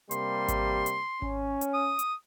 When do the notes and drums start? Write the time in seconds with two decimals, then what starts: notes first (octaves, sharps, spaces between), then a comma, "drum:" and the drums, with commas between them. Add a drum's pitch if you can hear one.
0.11 C3 G3 A#3 C6, drum: hi-hat
0.48 drum: kick G#1, hi-hat
0.86 drum: hi-hat
1.22 C#4, drum: kick G#1
1.61 drum: hi-hat
1.74 D#6
1.99 drum: hi-hat